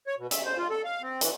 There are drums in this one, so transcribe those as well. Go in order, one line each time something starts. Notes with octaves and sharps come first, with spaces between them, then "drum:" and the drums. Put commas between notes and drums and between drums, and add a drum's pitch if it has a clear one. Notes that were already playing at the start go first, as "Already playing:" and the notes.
C#5
B2
E5, drum: hi-hat
C5
F4
A4
F5
C4
E3, drum: hi-hat